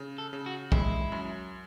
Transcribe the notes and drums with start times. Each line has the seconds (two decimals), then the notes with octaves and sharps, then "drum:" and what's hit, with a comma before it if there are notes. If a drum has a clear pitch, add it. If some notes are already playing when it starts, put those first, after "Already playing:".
Already playing: C#3
0.18 A4
0.33 C#3
0.46 F#4
0.72 G#3 E4, drum: kick
1.12 F#2